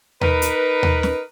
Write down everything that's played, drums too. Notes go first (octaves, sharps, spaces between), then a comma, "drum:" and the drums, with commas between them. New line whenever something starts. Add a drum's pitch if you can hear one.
D#4 A#4 B4, drum: tom D#2
drum: hi-hat
drum: tom D#2
drum: snare